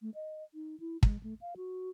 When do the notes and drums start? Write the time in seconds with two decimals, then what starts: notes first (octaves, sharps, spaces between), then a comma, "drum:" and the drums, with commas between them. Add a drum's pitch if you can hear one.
0.02 A3
0.15 D#5
0.54 D#4
0.80 E4
1.03 G#3, drum: kick
1.23 A3
1.41 F5
1.57 F#4